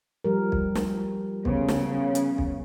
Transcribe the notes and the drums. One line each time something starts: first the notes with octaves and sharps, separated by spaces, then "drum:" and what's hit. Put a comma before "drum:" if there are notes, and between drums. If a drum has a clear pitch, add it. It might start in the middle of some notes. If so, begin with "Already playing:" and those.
F3 G3 A#4
drum: kick B1
drum: snare
C#3 B3 C5, drum: kick B1
drum: snare
drum: hi-hat
drum: kick B1